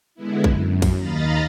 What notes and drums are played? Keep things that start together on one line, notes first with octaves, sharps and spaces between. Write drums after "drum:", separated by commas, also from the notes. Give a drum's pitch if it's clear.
D3 G#3 B3 E4
F#2, drum: kick
drum: kick, cymbal
D#2 D#5 F5 A#5 B5 A6